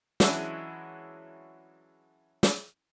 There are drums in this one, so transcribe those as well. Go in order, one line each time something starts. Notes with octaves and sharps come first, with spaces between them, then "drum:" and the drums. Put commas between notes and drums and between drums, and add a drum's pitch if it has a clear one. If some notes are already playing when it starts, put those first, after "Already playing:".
E3 F#3 G#3 C#4 D4 E4, drum: snare
drum: snare